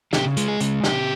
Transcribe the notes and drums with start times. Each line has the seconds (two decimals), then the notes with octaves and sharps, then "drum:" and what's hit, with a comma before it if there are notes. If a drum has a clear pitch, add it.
0.13 C#3 G4, drum: snare
0.37 G#3, drum: hi-hat
0.48 G#4
0.60 C#3, drum: hi-hat
0.84 C#3 G4, drum: snare